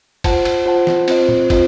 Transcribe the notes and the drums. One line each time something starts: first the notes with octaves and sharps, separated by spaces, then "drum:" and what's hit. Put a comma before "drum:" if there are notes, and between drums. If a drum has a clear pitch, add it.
F4 C5 F#5 A5, drum: kick, cymbal
drum: cymbal
F4 C5 F#5 A5
drum: snare
C4 F4 C5 D#5, drum: cymbal
drum: tom A#2
C4 F4 C5 D#5, drum: kick, cymbal